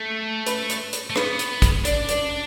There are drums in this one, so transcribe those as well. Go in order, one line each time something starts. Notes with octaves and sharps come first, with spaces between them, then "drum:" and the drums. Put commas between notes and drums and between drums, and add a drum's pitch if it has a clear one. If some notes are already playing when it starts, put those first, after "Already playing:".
Already playing: A3 A4
B4, drum: hi-hat
drum: hi-hat
drum: hi-hat
A3
B3 B4, drum: rim click
drum: hi-hat
drum: kick, hi-hat
D4 D5, drum: hi-hat
D5, drum: hi-hat